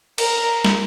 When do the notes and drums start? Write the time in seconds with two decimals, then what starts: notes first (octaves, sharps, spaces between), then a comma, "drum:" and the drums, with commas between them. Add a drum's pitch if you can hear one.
0.18 A#4, drum: cymbal
0.65 drum: snare